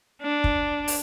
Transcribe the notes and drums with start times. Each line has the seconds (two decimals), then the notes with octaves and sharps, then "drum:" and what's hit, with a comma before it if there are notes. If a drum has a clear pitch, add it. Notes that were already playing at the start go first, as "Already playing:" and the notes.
0.22 D4
0.44 drum: kick
0.88 drum: open hi-hat